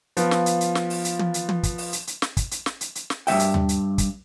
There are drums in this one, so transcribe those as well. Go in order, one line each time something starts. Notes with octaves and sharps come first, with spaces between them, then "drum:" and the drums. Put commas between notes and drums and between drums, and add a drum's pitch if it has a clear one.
F3 B3 F4, drum: hi-hat
drum: snare
drum: hi-hat
drum: hi-hat
drum: snare
drum: open hi-hat
drum: hi-hat
drum: tom
drum: hi-hat
drum: tom
drum: kick, hi-hat
drum: open hi-hat
drum: hi-hat
drum: hi-hat
drum: snare
drum: kick, hi-hat
drum: hi-hat
drum: snare
drum: hi-hat
drum: hi-hat
drum: snare
G2 G#3 E5 G5, drum: open hi-hat
drum: hi-hat
drum: tom D#2
drum: hi-hat
drum: kick, hi-hat